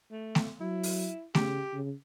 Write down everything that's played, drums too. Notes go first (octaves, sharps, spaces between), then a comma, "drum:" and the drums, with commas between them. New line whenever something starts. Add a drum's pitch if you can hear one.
A3
drum: snare A3
F#3 E4
drum: open hi-hat
C#3 G4, drum: snare A3
C#3